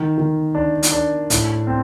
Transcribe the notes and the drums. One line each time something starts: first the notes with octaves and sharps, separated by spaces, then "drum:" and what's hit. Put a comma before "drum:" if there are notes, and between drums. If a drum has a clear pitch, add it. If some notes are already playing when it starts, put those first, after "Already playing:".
Already playing: D#3
D#3
D4
drum: hi-hat
D4
A2, drum: hi-hat
C4